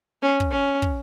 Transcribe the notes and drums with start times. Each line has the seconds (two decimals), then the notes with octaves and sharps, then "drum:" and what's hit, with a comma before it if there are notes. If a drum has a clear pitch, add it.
0.23 C#4
0.40 drum: kick
0.51 C#4
0.82 drum: kick